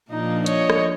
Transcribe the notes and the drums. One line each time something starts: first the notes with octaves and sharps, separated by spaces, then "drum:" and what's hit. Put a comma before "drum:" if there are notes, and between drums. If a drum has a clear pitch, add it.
A#2 F3 D4 D#4
C#5 D#5, drum: hi-hat
drum: rim click